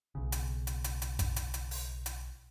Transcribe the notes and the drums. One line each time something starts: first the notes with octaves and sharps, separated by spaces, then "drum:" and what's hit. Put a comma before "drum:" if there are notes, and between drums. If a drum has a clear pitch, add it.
B1 C#3
drum: hi-hat
drum: hi-hat
drum: hi-hat
drum: hi-hat
drum: kick, hi-hat
drum: hi-hat
drum: hi-hat
drum: open hi-hat
drum: hi-hat